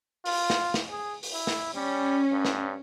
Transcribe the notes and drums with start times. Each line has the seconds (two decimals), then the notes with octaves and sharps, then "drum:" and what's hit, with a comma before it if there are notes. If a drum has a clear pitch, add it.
0.25 F4, drum: open hi-hat
0.50 drum: snare
0.74 drum: snare
0.90 G#4
1.23 drum: open hi-hat
1.33 E4
1.47 drum: snare
1.75 G3 C#4
2.32 G2
2.45 drum: snare